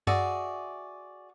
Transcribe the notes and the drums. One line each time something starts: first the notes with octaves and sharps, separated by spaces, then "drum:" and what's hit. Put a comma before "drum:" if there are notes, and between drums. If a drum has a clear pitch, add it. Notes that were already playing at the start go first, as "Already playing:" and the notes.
F#4 G#4 D5 E5, drum: tom F#2